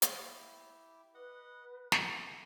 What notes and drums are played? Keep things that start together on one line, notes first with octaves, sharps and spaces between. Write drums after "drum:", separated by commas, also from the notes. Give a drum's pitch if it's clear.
E4 G4, drum: hi-hat
B4 D#5 F#5
A3, drum: snare